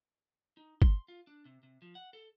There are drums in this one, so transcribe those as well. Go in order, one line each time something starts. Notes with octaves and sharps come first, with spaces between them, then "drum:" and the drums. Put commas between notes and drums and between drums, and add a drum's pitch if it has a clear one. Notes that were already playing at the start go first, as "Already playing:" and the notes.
D#4
C6, drum: kick G1
F4
D4
C3
C3
F3
F#5
A4